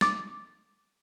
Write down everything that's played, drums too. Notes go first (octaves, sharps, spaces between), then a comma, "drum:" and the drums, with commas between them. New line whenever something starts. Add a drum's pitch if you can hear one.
D6 A6, drum: snare